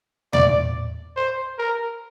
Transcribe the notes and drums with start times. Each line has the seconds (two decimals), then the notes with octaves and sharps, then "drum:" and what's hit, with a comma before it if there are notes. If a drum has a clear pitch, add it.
0.33 D5, drum: tom
1.17 C5
1.59 A#4